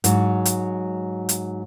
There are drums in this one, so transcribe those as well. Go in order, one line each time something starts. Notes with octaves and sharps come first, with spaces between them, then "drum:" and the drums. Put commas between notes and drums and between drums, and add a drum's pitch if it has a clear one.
G#2 F#3, drum: hi-hat
drum: hi-hat
drum: hi-hat